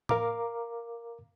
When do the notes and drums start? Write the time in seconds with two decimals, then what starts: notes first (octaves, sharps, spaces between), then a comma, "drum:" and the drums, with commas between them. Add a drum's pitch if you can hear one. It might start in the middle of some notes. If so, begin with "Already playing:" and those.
0.09 A#4 F5 A#5 D6, drum: tom A2